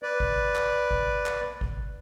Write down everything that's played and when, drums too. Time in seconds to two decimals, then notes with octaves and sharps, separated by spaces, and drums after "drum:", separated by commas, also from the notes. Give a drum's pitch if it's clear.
0.03 B4 D5
0.20 drum: kick G#1
0.55 drum: clap
0.91 drum: kick G#1
1.26 drum: clap
1.61 drum: kick G#1